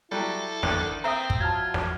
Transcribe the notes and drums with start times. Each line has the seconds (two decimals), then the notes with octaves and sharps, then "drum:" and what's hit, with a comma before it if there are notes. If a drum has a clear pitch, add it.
0.12 F#3 G3 E4 A4
0.63 D3 D#3, drum: snare
1.04 C4 C5 E5 A#5 D#6
1.30 drum: kick
1.41 F#3 F4 A5 F6 G#6
1.74 drum: snare